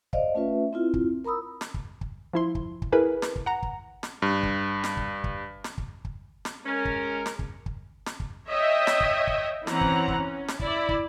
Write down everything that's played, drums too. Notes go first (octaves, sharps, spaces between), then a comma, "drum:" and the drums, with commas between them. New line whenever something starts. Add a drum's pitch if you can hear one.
C5 D5 D#5 F5, drum: kick
A3 C#4 F4 B4 E5
C4 E4 F4
drum: kick
A#4 A#5 B5 D#6 E6
drum: snare
drum: kick
drum: kick
F3 E4 C6
drum: kick
drum: kick
E4 G#4 A#4 B4 G#5
drum: snare
drum: kick
F#5 A#5
drum: kick
drum: snare
G2
drum: kick
drum: snare
drum: kick
drum: kick
drum: snare
drum: kick
drum: kick
drum: snare
G#3 C#4 A#4
drum: kick
drum: snare
drum: kick
drum: kick
drum: snare
drum: kick
C#5 D#5 E5 G5
drum: snare
drum: kick
drum: kick
E3 C4 C#4 F#5 A#5, drum: snare
drum: kick
drum: kick
C#4
drum: snare
E4 D5, drum: kick
drum: kick